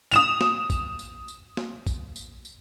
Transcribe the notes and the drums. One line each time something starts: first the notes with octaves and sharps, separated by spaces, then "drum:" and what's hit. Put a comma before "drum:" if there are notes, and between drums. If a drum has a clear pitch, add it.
D#6 E7 F7, drum: tambourine
drum: snare
drum: kick, tambourine
drum: tambourine
drum: tambourine
drum: snare
drum: kick, tambourine
drum: tambourine
drum: tambourine